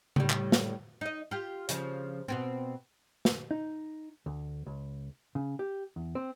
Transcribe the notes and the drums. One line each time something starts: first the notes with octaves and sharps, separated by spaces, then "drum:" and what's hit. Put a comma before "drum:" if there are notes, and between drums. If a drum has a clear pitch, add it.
A2 G3, drum: tom C#3
drum: clap
drum: snare
D#4 D#5
F4 G4
C#3 F3, drum: hi-hat
B2 B3 C4
drum: snare
D#4
D2
C#2
C#3
G4
E2
C4